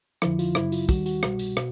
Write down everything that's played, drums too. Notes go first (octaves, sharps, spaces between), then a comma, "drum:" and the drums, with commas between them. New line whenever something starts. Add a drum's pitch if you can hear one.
F2 D3 F3 E4, drum: rim click
F4, drum: tambourine
F#2 C#3 F#3 E4, drum: rim click
F4, drum: tambourine
D#2 D#3 G3 F#4, drum: kick, tambourine
F#4, drum: tambourine
C2 B2 G3, drum: rim click
drum: tambourine
B2, drum: rim click